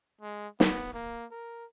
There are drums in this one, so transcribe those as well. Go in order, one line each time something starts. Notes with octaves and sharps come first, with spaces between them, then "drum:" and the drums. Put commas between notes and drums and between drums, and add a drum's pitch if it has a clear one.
G#3
B3, drum: snare
A#3
A#4